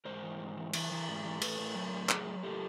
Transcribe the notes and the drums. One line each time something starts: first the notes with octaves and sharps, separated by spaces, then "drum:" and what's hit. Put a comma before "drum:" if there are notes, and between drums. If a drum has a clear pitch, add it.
G#2 A#4 C5
E3
G#2
E3
E3, drum: cymbal
E3
G#2
E3
A2 A4 B4, drum: cymbal
A2
F#3
A2
F#3 G#4 A#4, drum: clap
F#3
A2 G4 A4